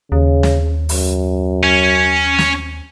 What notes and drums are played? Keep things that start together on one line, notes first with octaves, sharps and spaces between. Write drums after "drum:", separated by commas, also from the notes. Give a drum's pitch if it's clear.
D#2 C#3
drum: snare
F#2, drum: open hi-hat
C#4
drum: snare